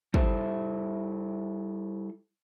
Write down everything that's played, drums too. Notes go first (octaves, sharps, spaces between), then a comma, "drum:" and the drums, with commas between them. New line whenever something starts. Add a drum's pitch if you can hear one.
G3 E4 A4 C5 E5, drum: kick